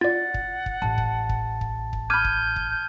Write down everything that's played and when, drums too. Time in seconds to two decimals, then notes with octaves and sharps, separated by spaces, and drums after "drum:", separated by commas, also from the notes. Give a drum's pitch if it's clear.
0.01 F4 D5 F#5 A6
0.34 drum: kick
0.66 drum: kick
0.82 A1 A5
0.98 drum: kick
1.29 drum: kick
1.61 drum: kick
1.93 drum: kick
2.10 B5 D6 F6 G6 G#6 D#7
2.25 drum: kick
2.56 drum: kick